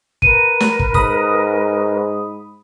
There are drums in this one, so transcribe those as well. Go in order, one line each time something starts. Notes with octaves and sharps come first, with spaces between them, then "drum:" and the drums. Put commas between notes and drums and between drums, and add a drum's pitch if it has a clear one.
A#4 B4 D#7, drum: kick
drum: snare
drum: kick
G#2 B5 D#6, drum: kick